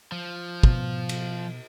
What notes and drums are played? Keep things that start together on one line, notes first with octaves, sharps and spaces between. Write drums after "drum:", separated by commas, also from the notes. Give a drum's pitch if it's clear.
F3
B2, drum: kick
drum: cymbal